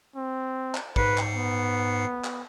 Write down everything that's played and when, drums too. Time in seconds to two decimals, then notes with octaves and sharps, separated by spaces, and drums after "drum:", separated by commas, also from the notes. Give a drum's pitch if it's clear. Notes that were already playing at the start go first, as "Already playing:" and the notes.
0.16 C4
0.75 drum: clap
0.96 G#2 B4 C7 C#7, drum: kick
1.17 drum: clap
1.35 B3
2.24 drum: clap